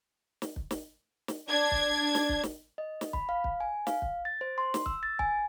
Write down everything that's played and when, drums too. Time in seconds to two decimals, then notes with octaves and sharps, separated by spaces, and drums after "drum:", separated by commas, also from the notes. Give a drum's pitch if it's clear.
0.42 drum: snare
0.56 drum: kick
0.71 drum: snare
1.28 drum: snare
1.49 D4 G#6
1.71 drum: kick
2.15 drum: snare
2.29 drum: kick
2.43 drum: snare
2.78 D#5
3.01 drum: snare
3.13 B5, drum: kick
3.29 F5
3.44 drum: kick
3.60 G#5
3.87 F5, drum: snare
4.02 drum: kick
4.25 A6
4.41 C5
4.58 C6
4.74 drum: snare
4.86 E6, drum: kick
5.03 A6
5.19 G#5, drum: kick